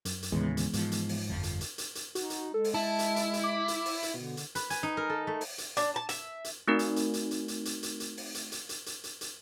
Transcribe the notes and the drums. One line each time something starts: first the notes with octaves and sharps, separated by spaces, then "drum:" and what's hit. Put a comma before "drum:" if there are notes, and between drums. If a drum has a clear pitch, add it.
F#2, drum: hi-hat
drum: hi-hat
D#2 A2 C#3 E3 G#3 B3
drum: hi-hat
G#2 F3, drum: hi-hat
drum: hi-hat
drum: open hi-hat
G1 F2 F3
drum: hi-hat
drum: hi-hat
drum: hi-hat
drum: hi-hat
D#4 F#4, drum: hi-hat
drum: hi-hat
G#3 A4
drum: open hi-hat
E4 A5
drum: hi-hat
drum: hi-hat
drum: hi-hat
D6
drum: hi-hat
drum: open hi-hat
drum: hi-hat
B2 D3
drum: hi-hat
B4, drum: hi-hat
G#5, drum: hi-hat
D#4
A#4
A4
A3
drum: open hi-hat
drum: hi-hat
D4, drum: hi-hat
A5
E5, drum: hi-hat
drum: hi-hat
A3 C4 D#4 F#4 A#4
drum: hi-hat
drum: hi-hat
drum: hi-hat
drum: hi-hat
drum: hi-hat
drum: hi-hat
drum: hi-hat
drum: hi-hat
drum: open hi-hat
drum: hi-hat
drum: hi-hat
drum: hi-hat
drum: hi-hat
drum: hi-hat
drum: hi-hat